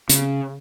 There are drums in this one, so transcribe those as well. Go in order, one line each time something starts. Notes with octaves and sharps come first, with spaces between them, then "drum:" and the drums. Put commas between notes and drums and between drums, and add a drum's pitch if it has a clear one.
C#3, drum: hi-hat